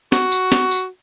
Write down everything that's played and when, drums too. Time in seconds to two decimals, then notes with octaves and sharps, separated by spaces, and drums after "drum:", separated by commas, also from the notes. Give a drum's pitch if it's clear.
0.12 F#4, drum: snare
0.32 drum: tambourine
0.52 drum: snare
0.71 drum: tambourine